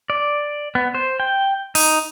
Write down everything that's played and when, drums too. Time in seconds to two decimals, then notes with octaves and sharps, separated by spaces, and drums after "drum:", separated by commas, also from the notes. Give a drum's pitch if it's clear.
0.10 D5
0.75 B3
0.95 C5
1.20 G5
1.75 D#4, drum: open hi-hat